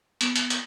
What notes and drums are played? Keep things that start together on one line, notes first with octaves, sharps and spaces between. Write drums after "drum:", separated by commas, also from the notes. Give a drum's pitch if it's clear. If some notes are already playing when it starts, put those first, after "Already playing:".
B3, drum: hi-hat
drum: hi-hat
drum: hi-hat